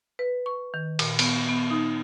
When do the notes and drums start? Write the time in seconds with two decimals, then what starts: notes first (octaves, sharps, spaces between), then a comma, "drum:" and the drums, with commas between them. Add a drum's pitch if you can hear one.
0.19 B4
0.46 C#6
0.74 D#3
0.99 A#2, drum: cymbal
1.19 B3, drum: cymbal
1.49 B3
1.71 D#4